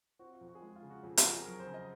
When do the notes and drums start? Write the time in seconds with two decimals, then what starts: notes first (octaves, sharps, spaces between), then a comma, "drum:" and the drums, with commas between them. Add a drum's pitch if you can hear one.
0.19 C4 F#4
0.34 F4
0.41 F2
0.48 F#4
0.55 G#4
0.61 G#3 F#4
0.76 F4
0.82 C#3
0.90 F#4
1.03 F2 G#4
1.17 F#4, drum: hi-hat
1.25 F2 A#4
1.32 G#4
1.46 F#3 A#4
1.59 C5
1.67 C#3
1.74 D#5